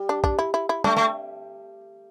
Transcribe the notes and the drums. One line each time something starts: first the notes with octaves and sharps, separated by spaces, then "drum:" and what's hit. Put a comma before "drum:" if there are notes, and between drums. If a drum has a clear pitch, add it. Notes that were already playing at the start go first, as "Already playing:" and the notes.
Already playing: G3
D4
D4, drum: kick
E4
E4
E4
A3 D4, drum: tom G3
A3